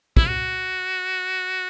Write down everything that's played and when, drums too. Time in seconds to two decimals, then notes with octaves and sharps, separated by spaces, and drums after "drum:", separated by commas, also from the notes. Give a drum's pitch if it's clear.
0.17 E4, drum: kick
0.27 F#4